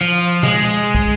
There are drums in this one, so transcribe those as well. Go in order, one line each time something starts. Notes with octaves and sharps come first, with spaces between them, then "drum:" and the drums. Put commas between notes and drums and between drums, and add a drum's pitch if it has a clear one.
F3
G#3, drum: tom
drum: kick